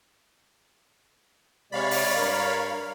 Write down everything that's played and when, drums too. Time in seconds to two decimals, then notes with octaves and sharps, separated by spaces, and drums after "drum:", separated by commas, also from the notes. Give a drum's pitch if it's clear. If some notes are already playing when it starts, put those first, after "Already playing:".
1.72 C3 G#3 C#5 D5 F5 B5
1.91 drum: open hi-hat
2.16 G2 A#4